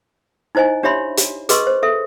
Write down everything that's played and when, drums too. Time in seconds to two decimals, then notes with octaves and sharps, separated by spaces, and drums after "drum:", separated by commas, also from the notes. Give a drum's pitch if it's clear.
0.55 D#4 E4 C5 D#5 G#5
0.83 D4 G4 C#5 E5 B5 C6
1.17 drum: hi-hat
1.49 G#4 B4 D#5 C6 C#6 E6, drum: hi-hat
1.67 C5
1.83 A4 E5